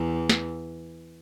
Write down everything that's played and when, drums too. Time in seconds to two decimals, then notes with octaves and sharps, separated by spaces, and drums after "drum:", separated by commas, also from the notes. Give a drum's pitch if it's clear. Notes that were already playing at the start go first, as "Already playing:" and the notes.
Already playing: E2 E3
0.29 drum: snare